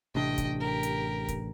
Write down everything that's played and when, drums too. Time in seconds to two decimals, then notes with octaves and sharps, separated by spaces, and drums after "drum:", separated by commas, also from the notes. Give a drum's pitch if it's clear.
0.15 A1 C3 D4 D#5 G5
0.38 drum: kick, hi-hat
0.60 G4 A#4
0.83 drum: hi-hat
1.28 drum: kick, hi-hat